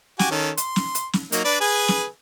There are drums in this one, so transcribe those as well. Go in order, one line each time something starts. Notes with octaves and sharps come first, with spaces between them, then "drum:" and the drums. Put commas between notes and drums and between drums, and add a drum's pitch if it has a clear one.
F#4 G4 G#5, drum: snare
D#3 C#4 A4
C6, drum: hi-hat
drum: snare
drum: hi-hat
drum: snare
F#3 A#3 D#4, drum: hi-hat
D4 B4 D5
G#4 B4 G#5
drum: snare